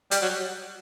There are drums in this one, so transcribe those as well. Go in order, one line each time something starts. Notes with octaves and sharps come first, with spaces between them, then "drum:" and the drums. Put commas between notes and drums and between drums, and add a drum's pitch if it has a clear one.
G3, drum: hi-hat
F#3